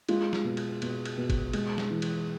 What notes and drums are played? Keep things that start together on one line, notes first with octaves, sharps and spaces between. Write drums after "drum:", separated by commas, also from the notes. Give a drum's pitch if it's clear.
G#3 F4, drum: cymbal
drum: snare
B2
drum: cymbal
B2, drum: cymbal
drum: cymbal
B2
drum: kick, cymbal
G#3, drum: cymbal
drum: snare
E3
drum: cymbal